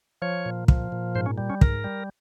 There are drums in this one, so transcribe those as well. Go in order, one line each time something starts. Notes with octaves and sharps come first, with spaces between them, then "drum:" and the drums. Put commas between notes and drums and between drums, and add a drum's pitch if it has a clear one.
F3 C#5
A#2
F3, drum: kick
A#2
G#2 C5
C#4
G3
C#4
G#2 A#4, drum: kick
G3